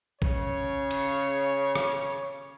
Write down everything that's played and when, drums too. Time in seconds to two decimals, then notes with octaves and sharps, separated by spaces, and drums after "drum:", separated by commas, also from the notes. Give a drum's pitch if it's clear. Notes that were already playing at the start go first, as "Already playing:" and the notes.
0.22 C#3 C#5, drum: kick A#1
0.91 drum: cymbal
1.75 drum: rim click